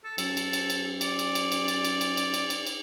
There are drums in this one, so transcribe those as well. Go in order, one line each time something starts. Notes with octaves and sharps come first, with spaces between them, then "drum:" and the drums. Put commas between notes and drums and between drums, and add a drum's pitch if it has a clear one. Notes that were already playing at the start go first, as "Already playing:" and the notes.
A4
F#2 A4, drum: cymbal
drum: cymbal
drum: cymbal
drum: cymbal
D5, drum: cymbal
drum: cymbal
drum: cymbal
drum: cymbal
drum: cymbal
drum: cymbal
drum: cymbal
drum: cymbal
drum: cymbal
drum: cymbal
drum: cymbal